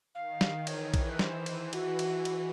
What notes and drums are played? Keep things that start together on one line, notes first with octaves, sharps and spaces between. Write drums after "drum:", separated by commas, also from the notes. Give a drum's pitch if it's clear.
D#3 F5
drum: snare
E3 C#5, drum: cymbal
drum: kick, cymbal
B4
E3 C5, drum: snare
drum: cymbal
F#4, drum: cymbal
drum: cymbal
drum: cymbal